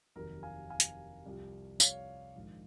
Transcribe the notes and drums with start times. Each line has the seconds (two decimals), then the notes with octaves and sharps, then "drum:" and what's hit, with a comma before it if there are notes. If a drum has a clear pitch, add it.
0.16 F1 D#2 D#3 F#3 A#4
0.43 F5 G#5
0.70 F5 G#5
0.80 drum: hi-hat
1.26 C2 C3 F3
1.80 C#5 F5, drum: tambourine
2.35 A#1 G#2 D#3